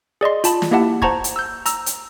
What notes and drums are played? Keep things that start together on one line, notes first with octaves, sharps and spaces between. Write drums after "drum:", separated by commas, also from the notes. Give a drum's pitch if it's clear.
G#4 D5 D#5 C6
F4 A5 B5, drum: hi-hat
drum: snare
A#3 E4 G4 E5 F#5 A5
C5 F#5 A5 A#5 C#6 G#6, drum: kick
drum: hi-hat
E6 G6
A#5 E6, drum: hi-hat
drum: hi-hat